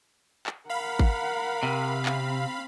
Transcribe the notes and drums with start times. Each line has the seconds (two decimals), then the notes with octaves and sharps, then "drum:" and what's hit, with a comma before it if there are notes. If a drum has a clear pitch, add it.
0.46 drum: clap
0.70 A#4 F5 F#5 B5
0.99 drum: kick G#1
1.63 C3
2.06 C4, drum: clap